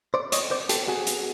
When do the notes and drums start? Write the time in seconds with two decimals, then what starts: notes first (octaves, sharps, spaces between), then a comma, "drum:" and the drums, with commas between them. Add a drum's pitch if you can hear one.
0.14 C5 D5
0.32 C#5 D#5, drum: hi-hat
0.51 C5 D5
0.69 G4 A4, drum: hi-hat
0.88 F#4 G#4
1.07 drum: hi-hat